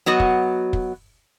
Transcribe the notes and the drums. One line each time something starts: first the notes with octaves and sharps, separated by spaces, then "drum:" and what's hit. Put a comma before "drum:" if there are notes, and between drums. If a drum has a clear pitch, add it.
F#3 B3 F#4 D#5
drum: kick
drum: kick